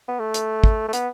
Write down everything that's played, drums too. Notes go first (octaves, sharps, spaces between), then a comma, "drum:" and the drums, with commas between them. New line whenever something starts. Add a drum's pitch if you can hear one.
B3
A3
drum: hi-hat
drum: kick
A3
B3, drum: hi-hat